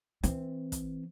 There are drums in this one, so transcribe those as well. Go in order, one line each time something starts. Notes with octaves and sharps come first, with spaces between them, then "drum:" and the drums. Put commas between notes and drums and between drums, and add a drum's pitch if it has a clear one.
E3 C4, drum: hi-hat
drum: kick, hi-hat